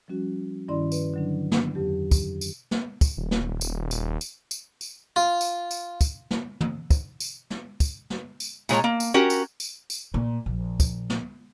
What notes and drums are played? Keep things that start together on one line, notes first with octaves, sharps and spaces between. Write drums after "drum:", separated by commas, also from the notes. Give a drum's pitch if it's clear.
F3 G3 C#4 F#4
G2 D#3 C#4 E4 D5 C6
B4, drum: tambourine
D3 F#3 D4
drum: snare
F2 F#3 G4
drum: kick, tambourine
drum: tambourine
drum: snare
drum: kick, tambourine
D#1
drum: snare
drum: tambourine
drum: tambourine
drum: tambourine
drum: tambourine
drum: tambourine
F4
drum: tambourine
drum: tambourine
drum: kick, tambourine
drum: snare
drum: tom
drum: kick, tambourine
drum: tambourine
drum: snare
drum: kick, tambourine
drum: snare
drum: tambourine
A#2 G#3 C#5 A#5, drum: tambourine
A#3
drum: tambourine
C#4 F#4 G4 A#4
drum: tambourine
drum: tambourine
drum: tambourine
A#2
A#1
drum: kick, tambourine
drum: snare